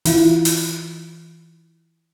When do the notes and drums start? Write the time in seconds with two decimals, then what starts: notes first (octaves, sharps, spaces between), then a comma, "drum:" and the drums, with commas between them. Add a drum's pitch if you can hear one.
0.05 E3 E4 F4, drum: open hi-hat
0.45 drum: open hi-hat